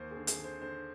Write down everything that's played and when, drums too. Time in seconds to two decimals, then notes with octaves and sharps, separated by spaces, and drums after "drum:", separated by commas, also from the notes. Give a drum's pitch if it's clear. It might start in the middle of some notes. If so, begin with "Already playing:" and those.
Already playing: D#2 C5
0.11 G#4
0.17 D3
0.27 G#4, drum: hi-hat
0.39 D3
0.44 C5
0.61 D3 C5